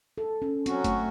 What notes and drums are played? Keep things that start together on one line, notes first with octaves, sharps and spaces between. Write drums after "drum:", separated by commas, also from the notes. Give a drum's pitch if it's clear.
A4
C#4
F#3 C4 C#4 F#4, drum: hi-hat
A3, drum: kick F#1, hi-hat